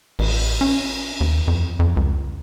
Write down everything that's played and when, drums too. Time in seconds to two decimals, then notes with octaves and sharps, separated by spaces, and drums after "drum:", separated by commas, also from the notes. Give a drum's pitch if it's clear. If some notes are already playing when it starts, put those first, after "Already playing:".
0.19 A1, drum: cymbal
0.61 C#4
1.21 D#2
1.48 F2
1.79 F2
1.97 C#2